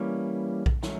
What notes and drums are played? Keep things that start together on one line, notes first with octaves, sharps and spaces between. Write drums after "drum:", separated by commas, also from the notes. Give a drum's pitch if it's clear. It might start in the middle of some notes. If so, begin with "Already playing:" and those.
Already playing: E3 G3 A#3 C#4
drum: kick A#1
D#3 F#3 A3 C#4, drum: snare